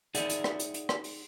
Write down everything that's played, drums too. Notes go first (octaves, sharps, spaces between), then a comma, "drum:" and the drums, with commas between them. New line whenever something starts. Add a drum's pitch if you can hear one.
D#4 G#4 D5 E5 F#5, drum: hi-hat
drum: hi-hat
drum: rim click
drum: hi-hat
drum: hi-hat
drum: rim click
drum: open hi-hat